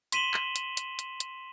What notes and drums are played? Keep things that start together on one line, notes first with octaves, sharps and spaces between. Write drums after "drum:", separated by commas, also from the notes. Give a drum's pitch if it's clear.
C6 B6 D#7 E7 F#7 G7, drum: hi-hat
drum: clap
drum: hi-hat
drum: hi-hat
drum: hi-hat
drum: hi-hat